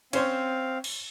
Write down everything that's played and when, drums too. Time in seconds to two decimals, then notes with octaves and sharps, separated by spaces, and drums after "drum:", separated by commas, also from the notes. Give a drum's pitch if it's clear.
0.13 C4 C#4 C5 C#5 F5, drum: cymbal
0.84 drum: cymbal